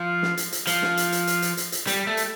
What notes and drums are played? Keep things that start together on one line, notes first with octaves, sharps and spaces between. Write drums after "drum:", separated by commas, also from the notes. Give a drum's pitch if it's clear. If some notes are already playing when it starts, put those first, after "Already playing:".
Already playing: F3
drum: snare
drum: hi-hat
drum: hi-hat
F3, drum: hi-hat
drum: snare
drum: hi-hat
drum: hi-hat
drum: hi-hat
drum: hi-hat
drum: hi-hat
drum: hi-hat
G3, drum: hi-hat
A3
drum: hi-hat